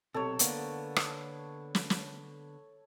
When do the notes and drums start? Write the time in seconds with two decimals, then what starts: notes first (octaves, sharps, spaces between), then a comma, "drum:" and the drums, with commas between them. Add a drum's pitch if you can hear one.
0.14 B1 C3 A4 C#5
0.39 D3 A#3 B3, drum: hi-hat
0.96 drum: rim click
1.75 drum: snare
1.90 drum: snare